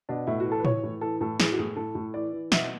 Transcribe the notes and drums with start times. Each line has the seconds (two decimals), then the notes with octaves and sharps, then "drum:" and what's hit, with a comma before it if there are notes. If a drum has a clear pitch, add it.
0.09 B2 D4
0.27 A2 E4
0.40 F#4
0.46 E3
0.52 A4
0.60 B4
0.65 E3 C#5, drum: tom A2
0.83 A2
1.01 E3 A4
1.21 A2 A4
1.40 E3 G#4, drum: snare
1.52 F#4
1.58 A2 G#4
1.76 A2 A4
1.95 A2
2.14 E3 D5
2.33 E3
2.52 B2 E5, drum: snare